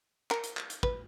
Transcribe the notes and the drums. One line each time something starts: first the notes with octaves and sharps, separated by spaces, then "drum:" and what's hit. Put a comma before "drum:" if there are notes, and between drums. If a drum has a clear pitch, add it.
A#4, drum: clap
drum: hi-hat
drum: clap
drum: hi-hat
B4, drum: kick